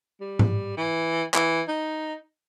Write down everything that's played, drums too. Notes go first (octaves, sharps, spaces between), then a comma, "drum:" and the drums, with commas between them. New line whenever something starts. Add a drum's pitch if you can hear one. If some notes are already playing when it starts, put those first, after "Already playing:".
G3
drum: tom G#2
E3
E3, drum: clap
D#4